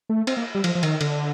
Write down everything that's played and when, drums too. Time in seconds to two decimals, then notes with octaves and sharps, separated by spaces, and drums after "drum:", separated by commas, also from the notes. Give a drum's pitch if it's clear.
0.09 A3
0.27 C4, drum: cymbal
0.37 A#3
0.55 G3
0.64 F3, drum: cymbal
0.75 F3
0.83 D#3, drum: cymbal
1.01 D3, drum: cymbal